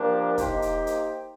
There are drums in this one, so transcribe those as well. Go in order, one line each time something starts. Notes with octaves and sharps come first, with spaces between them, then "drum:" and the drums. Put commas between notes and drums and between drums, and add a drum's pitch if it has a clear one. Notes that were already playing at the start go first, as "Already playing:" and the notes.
Already playing: F3 A#3 D4 G4 A#4
A#3 D#4 G4 C5, drum: kick, hi-hat
drum: hi-hat
drum: hi-hat